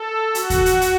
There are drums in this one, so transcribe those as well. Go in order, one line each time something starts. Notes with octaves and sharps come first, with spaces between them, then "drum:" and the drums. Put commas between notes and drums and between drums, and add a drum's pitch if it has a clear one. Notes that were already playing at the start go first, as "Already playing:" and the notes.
Already playing: A4
F#4, drum: hi-hat
drum: kick D#2, hi-hat
drum: hi-hat
drum: hi-hat